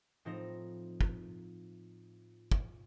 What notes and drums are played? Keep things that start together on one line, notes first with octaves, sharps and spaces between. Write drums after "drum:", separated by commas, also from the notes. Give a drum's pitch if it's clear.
A2 F3 C4 D#4 A#6
drum: kick
drum: kick